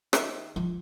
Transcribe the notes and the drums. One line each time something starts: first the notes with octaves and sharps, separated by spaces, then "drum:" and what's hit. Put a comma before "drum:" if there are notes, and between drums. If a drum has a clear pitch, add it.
D#3 C5 E5, drum: rim click
F3